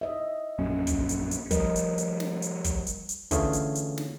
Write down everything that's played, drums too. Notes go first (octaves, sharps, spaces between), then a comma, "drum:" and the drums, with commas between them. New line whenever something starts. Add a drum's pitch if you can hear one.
D#5 E5
A#1 F#2 C#4
drum: kick, hi-hat
drum: hi-hat
drum: hi-hat
F3 G3 A#4 D#5, drum: kick, hi-hat
drum: hi-hat
drum: hi-hat
drum: snare
drum: hi-hat
drum: kick, hi-hat
drum: hi-hat
drum: hi-hat
D3 E3 A3 C#4 F4 G#4, drum: kick, hi-hat
drum: hi-hat
drum: hi-hat
drum: snare